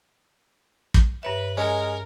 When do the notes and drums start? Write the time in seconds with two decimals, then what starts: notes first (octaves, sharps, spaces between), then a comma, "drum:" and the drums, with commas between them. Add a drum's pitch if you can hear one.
0.94 drum: kick
1.23 G2 B4 C#5 E5
1.57 G#3 C#4 A#4